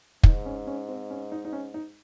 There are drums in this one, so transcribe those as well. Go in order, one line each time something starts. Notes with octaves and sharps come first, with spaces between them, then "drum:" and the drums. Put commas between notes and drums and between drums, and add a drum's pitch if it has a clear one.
G#2 D#4, drum: kick
C#4
C#4
C4
C#4
D#4
D#4
C#4
D#4